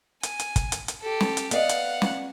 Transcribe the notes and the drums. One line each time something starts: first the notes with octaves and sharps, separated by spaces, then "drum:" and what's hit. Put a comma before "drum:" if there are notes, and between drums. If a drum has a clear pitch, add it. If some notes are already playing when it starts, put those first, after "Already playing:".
G#5, drum: hi-hat
drum: hi-hat
drum: kick, hi-hat
drum: hi-hat
drum: hi-hat
G4 A4
drum: snare
drum: hi-hat
B3 D5 D#5 F5 F#5, drum: hi-hat
drum: hi-hat
drum: snare